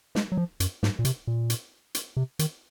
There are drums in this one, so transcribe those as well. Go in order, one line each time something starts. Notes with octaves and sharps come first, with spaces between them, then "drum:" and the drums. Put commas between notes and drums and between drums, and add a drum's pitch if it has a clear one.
G#3, drum: snare
F#3
F3
F#2, drum: hi-hat
G#2, drum: snare
A#2
C3, drum: hi-hat
A#2
drum: hi-hat
drum: hi-hat
C3
D#3, drum: hi-hat